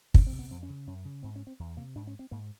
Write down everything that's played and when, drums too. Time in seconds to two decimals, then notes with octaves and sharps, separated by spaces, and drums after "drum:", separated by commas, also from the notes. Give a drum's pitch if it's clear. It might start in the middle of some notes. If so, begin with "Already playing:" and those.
0.14 F2 C#4, drum: kick
0.27 C4
0.32 C3
0.39 B3
0.51 F2 C4
0.63 C#4
0.69 C#3
0.87 F#2 C#4
1.05 C#3
1.23 G#2 C4
1.36 C#4
1.47 C4
1.60 E2
1.77 C3 A#3
1.95 G#2 D4
2.07 C#4
2.19 C4
2.31 G#2 A#3